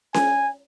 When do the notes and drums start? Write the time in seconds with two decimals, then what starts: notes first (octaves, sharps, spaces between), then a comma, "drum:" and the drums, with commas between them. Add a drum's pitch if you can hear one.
0.14 G#5, drum: snare C#4